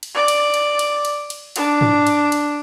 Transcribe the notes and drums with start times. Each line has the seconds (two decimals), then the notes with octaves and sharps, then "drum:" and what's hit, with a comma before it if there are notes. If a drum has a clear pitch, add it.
0.03 drum: cymbal
0.15 D5
0.28 drum: cymbal
0.54 drum: cymbal
0.79 drum: cymbal
1.05 drum: cymbal
1.30 drum: cymbal
1.56 D4, drum: cymbal
1.81 drum: tom G#2
2.07 drum: cymbal
2.32 drum: cymbal